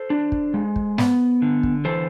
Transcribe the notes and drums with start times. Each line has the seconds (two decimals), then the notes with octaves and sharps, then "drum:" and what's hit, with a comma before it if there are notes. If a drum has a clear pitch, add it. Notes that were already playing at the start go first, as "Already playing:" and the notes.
Already playing: A4 C5
0.10 D4
0.32 drum: kick
0.54 G#3
0.76 drum: kick
0.98 B3, drum: snare
1.42 D3
1.63 drum: kick
1.85 E3 A4 C5